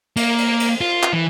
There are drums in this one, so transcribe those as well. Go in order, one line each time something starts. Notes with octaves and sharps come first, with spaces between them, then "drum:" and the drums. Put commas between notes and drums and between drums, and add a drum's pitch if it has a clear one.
A#3, drum: cymbal
drum: cymbal
drum: cymbal
F4
drum: clap
E3